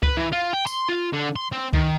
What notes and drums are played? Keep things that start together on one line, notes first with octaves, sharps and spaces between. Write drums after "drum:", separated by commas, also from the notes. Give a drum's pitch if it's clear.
B4, drum: kick C#2
E3
F4
G5
C6, drum: tambourine
F4
D3
C6
C4
D#3, drum: kick C#2